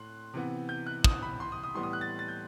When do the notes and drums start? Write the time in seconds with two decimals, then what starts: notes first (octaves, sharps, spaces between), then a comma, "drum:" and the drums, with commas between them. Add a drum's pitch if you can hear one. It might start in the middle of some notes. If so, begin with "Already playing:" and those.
Already playing: A2 C6 F#6
0.34 C3 E3 B3
0.69 G6
0.87 F#6
1.04 D#6, drum: kick
1.22 B5
1.40 C6
1.52 D#6
1.63 D#6
1.75 A2 E3 G3 B3 C6
1.83 D#6
1.93 F#6
2.01 A6
2.19 A6
2.28 G6